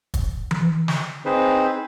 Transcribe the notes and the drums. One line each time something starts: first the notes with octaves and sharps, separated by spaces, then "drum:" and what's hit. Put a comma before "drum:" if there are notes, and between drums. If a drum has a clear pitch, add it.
drum: kick, hi-hat
drum: tom E3
drum: snare
C4 D#4 G#4 B4 C5